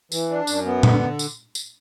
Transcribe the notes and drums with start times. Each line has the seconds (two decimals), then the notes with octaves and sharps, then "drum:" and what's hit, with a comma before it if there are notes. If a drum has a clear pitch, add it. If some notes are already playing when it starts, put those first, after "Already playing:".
0.12 E3, drum: tambourine
0.30 D4
0.47 F#2, drum: tambourine
0.66 B3
0.83 D3, drum: tom A#2
1.19 drum: tambourine
1.55 drum: tambourine